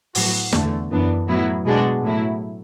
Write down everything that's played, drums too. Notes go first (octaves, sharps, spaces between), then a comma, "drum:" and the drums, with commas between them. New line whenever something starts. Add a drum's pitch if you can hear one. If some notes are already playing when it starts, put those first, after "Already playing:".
A2 F#3 B3 F#4, drum: open hi-hat
E2 D3 A3, drum: snare
F#2 E3 B3 D4
A2 F#3 B3 E4
B2 G#3 D4 F#4
A2 F#3 A3 E4